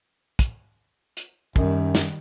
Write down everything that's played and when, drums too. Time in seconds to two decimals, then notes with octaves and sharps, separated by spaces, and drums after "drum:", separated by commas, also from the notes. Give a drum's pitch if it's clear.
0.39 drum: kick, hi-hat
1.17 drum: hi-hat
1.56 F#2 D#3 G3, drum: kick
1.95 drum: snare